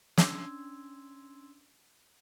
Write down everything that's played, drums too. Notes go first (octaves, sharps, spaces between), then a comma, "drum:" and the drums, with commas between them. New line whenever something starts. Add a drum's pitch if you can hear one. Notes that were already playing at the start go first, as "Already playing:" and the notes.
C#4 D4 C6 E6 G#6, drum: snare